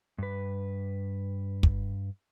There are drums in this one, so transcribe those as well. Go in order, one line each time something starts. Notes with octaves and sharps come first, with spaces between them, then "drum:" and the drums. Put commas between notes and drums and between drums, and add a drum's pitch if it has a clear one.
G2 B4
drum: kick